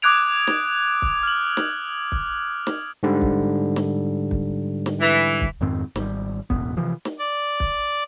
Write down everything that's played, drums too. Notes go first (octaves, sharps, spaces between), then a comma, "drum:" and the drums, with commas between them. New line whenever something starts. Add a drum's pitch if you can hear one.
D6 D#6 F#6 G#6 D7 F7
drum: snare
drum: kick
F6 F#7
drum: snare
drum: kick
drum: snare
G#2 D3 G3
drum: kick
drum: snare
drum: kick
drum: snare
E3
drum: kick
F2 G#2 D#3 C4
G#1 G3, drum: snare
E1 A1 F#2 B3, drum: kick
C3 E3 F3
drum: snare
D5
drum: kick